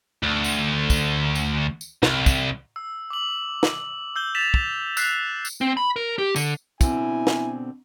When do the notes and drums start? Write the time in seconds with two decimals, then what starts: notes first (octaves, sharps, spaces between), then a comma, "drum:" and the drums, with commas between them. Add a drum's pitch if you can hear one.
0.23 D2
0.44 drum: tambourine
0.90 drum: kick, tambourine
1.35 drum: tambourine
1.81 drum: tambourine
2.03 C2, drum: snare
2.26 drum: kick, tambourine
2.76 E6
3.10 D6 F#7
3.63 drum: snare
4.16 E6 G6 G7
4.35 A6 B6 E7 F7
4.54 drum: kick
4.97 E6 F#6 B6 C7 F7, drum: tambourine
5.45 drum: tambourine
5.61 C4
5.77 B5
5.96 A#4
6.18 G4
6.36 D3, drum: tambourine
6.81 B2 D3 C4 E4 G#5, drum: kick, tambourine
7.27 drum: snare